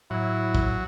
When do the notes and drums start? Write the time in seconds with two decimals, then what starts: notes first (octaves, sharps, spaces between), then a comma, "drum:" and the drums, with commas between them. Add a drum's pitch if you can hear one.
0.11 A2 F#3 E4
0.55 drum: kick